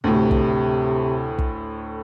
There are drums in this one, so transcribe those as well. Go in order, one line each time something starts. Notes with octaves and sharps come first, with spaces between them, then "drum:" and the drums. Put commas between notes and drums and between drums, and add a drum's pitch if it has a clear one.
D2 A2 C3
drum: kick
drum: kick